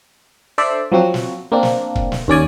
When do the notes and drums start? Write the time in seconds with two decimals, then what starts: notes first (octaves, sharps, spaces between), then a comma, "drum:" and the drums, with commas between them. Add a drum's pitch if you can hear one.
0.58 D4 A4 C5 D5 E5
0.92 F3 F#3 C4 F#4
1.14 drum: snare
1.52 A#3 C4 D4
1.63 drum: snare
1.95 drum: kick
2.12 drum: snare
2.28 D#2 C#4 D5 G#5